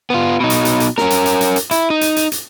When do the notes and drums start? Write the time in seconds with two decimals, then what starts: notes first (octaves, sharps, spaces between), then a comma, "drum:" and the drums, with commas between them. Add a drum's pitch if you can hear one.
0.10 B3 F4
0.40 B2 D#4
0.50 drum: hi-hat
0.65 drum: hi-hat
0.80 drum: hi-hat
0.98 C#4 A#4, drum: snare
1.10 drum: hi-hat
1.26 drum: hi-hat
1.41 drum: hi-hat
1.56 drum: hi-hat
1.71 E4, drum: hi-hat
1.90 D#4
2.01 drum: hi-hat
2.16 drum: hi-hat
2.32 drum: hi-hat